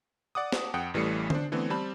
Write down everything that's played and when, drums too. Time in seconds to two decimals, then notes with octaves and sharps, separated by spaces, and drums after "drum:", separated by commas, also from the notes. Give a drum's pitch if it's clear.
0.35 D5 F#5 D6 D#6
0.52 drum: snare
0.74 F2 F#5 G5 D#6 C#7
0.94 A1 E3 G3 A3 C7 C#7
1.30 D4 C5, drum: tom D3
1.52 D3 E3 A3 B3 C4
1.70 G3 C4 A5 B5